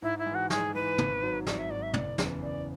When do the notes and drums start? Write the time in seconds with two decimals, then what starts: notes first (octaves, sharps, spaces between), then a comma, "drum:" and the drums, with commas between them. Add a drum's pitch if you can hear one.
0.02 G#2 E4
0.19 E4
0.26 G#3
0.31 E3 F#4
0.50 G#2 G#4, drum: snare
0.74 E3 G#3 B4
0.98 G#1, drum: tom
1.22 G#2 F#3
1.47 G#1 D5, drum: snare
1.58 E5
1.71 G#2 F#3 D5
1.82 E5
1.93 F#1 D5, drum: tom
2.18 E2 C#3 E3 B3, drum: snare
2.42 F#1 D5